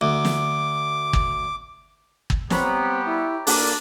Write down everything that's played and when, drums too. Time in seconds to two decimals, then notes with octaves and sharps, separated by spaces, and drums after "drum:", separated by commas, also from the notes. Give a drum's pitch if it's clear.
0.01 D2 D6
0.25 drum: snare
1.13 drum: kick
2.30 drum: kick
2.50 G3 B3 C4 G4 C#5 A#5 B5, drum: snare
3.05 E4
3.47 D2 A#3 D4 A#4 D5, drum: open hi-hat